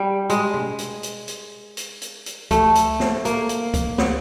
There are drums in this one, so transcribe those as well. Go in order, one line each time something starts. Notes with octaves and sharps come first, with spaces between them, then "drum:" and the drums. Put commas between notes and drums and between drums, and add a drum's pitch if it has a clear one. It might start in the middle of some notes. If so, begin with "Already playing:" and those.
Already playing: G3
G#3, drum: hi-hat
drum: tom
drum: hi-hat
drum: hi-hat
drum: hi-hat
drum: hi-hat
drum: hi-hat
drum: hi-hat
A3, drum: kick C#2, hi-hat
drum: hi-hat
drum: snare
A#3, drum: hi-hat
drum: hi-hat
drum: kick C#2, hi-hat
B3, drum: snare